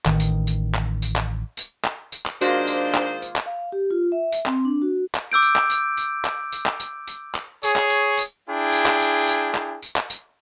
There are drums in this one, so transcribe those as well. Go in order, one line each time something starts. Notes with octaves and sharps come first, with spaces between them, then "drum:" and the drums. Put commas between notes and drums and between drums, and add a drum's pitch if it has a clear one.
A1 D#3, drum: clap
drum: tambourine
drum: tambourine
drum: clap
drum: tambourine
drum: clap
drum: tambourine
drum: clap
drum: tambourine
drum: clap
D#3 G#3 A#3 D4 F4 F#4 C5 A#6, drum: tambourine
drum: tambourine
drum: clap
drum: tambourine
drum: clap
F5
G4
F4
E5
drum: tambourine
C4, drum: clap
D4
F#4
drum: clap
D6 E6 G6 D7
drum: tambourine
drum: clap
drum: tambourine
drum: tambourine
drum: clap
drum: tambourine
drum: clap
drum: tambourine
drum: tambourine
drum: clap
G#4 C#5, drum: tambourine
drum: clap
drum: tambourine
drum: tambourine
D4 E4 G#4 G5
drum: tambourine
drum: clap
drum: tambourine
drum: tambourine
drum: clap
drum: tambourine
drum: clap
drum: tambourine